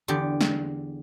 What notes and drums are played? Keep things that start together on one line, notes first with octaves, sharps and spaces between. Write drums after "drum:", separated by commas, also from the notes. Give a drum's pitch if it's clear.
E2 D3 G4
drum: snare